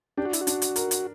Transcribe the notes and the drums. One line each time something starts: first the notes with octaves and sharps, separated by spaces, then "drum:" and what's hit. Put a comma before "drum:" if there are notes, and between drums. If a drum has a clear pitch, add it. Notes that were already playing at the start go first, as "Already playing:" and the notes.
D4 G4
F#4
E4, drum: hi-hat
F#4
D4, drum: hi-hat
drum: hi-hat
A#4, drum: hi-hat
drum: hi-hat